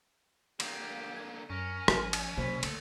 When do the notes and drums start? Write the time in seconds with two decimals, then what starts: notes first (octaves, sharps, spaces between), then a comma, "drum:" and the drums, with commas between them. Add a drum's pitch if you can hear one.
0.60 D3 A#3 G4, drum: cymbal
1.17 G#6
1.50 F#2 C#4 A#4
1.88 G#1 F3, drum: rim click
2.13 drum: cymbal
2.37 C3 F#3 A#3 C5 B5
2.63 D2 A4, drum: cymbal